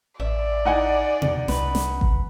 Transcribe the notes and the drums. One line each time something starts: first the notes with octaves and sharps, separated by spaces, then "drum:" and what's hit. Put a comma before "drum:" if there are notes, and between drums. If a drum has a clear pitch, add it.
A1 D5 E5
D#4 F#5 G#5
drum: tom B2
C2 B4, drum: snare
drum: snare
drum: kick G#1